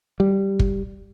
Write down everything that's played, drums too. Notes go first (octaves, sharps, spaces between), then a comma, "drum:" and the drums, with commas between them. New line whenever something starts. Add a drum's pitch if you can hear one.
G3
drum: kick